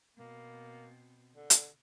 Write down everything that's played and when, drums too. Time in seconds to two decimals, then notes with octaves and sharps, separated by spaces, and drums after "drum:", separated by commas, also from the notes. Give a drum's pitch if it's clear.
0.17 B2 A#3 C4
1.34 D3
1.50 drum: hi-hat